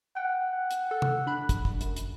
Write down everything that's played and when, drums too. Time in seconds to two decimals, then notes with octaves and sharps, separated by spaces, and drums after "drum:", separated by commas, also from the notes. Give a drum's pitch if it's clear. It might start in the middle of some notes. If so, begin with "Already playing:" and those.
0.16 F#5 G5
0.71 drum: hi-hat
0.91 A4
1.02 drum: tom
1.27 D4 B5 F#6
1.49 drum: kick, hi-hat
1.65 drum: kick
1.81 F#2, drum: hi-hat
1.96 drum: hi-hat